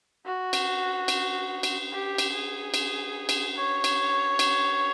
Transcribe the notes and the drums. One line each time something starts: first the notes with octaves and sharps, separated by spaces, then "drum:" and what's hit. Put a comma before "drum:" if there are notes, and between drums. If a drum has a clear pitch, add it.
F#4
drum: cymbal
drum: cymbal
drum: cymbal
G4
drum: cymbal
G#4
drum: cymbal
drum: cymbal
C#5
drum: cymbal
drum: cymbal